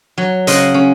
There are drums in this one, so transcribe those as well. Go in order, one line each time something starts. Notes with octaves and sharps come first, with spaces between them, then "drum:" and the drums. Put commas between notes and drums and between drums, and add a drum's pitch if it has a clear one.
F#3
C#3 D#5 F#5 C6, drum: hi-hat
C#4